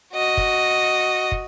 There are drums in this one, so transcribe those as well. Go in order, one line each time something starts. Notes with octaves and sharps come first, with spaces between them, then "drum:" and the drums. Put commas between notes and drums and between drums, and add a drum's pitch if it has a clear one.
F#4 D#5
drum: kick
drum: kick